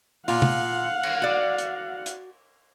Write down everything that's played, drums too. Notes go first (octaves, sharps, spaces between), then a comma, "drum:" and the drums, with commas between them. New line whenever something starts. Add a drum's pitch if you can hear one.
A#2 F4 F5 F#5, drum: open hi-hat
drum: tom
drum: cymbal
F#4 D5
drum: hi-hat
drum: hi-hat